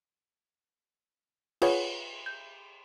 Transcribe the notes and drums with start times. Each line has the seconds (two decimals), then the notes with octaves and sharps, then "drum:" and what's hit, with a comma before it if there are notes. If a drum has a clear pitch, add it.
1.62 F4 G#4 B4 C#5 F#5, drum: cymbal
2.26 G6